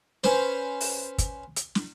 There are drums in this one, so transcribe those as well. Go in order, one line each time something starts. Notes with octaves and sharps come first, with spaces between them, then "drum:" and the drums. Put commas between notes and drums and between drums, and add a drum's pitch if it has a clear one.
C#4 B4 C5, drum: snare
drum: open hi-hat
drum: kick, hi-hat
drum: hi-hat
drum: snare